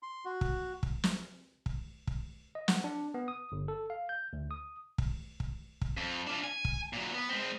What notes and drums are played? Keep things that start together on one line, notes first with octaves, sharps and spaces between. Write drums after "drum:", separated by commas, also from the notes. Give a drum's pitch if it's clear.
C6
F#4
drum: kick
drum: kick
drum: snare
drum: kick
drum: kick
D#5
F#5, drum: snare
D4
B3
D#6
G1
A4
F5
G6
D2
D#6
drum: kick
drum: kick
drum: kick
F2
D4 F4
G#5
drum: kick
A#2 F#3
B3
G#3 C4